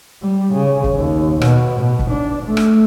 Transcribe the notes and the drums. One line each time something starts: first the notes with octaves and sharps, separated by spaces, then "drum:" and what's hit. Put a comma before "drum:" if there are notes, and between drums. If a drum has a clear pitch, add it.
G3
C#3
drum: kick
D#2
B2, drum: rim click
B2
drum: kick
D4
A3
drum: rim click